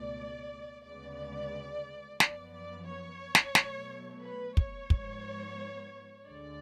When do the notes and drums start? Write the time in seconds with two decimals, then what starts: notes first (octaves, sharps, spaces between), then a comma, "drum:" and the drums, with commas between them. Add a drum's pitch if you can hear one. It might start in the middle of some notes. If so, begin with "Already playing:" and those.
Already playing: C#2 B2 A3 D5
0.85 D2 C#3 G#3 B3 D5
2.20 F#2 F3 B3 D5, drum: snare
2.54 D5
2.87 C#5
3.35 drum: snare
3.55 B2 F#3 A3, drum: snare
4.23 B4
4.57 C#5, drum: kick
4.90 G#2 F3 B3, drum: kick
6.26 D2 D3 G#3 D5